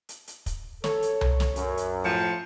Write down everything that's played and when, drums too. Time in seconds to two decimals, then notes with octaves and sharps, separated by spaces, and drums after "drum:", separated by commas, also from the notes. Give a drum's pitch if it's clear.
0.09 drum: hi-hat
0.27 drum: hi-hat
0.46 drum: kick, hi-hat
0.84 A4 C#5, drum: snare
1.02 drum: hi-hat
1.21 drum: tom C2
1.40 drum: snare
1.56 F#2, drum: hi-hat
1.77 drum: hi-hat
2.05 A2 F3 C#7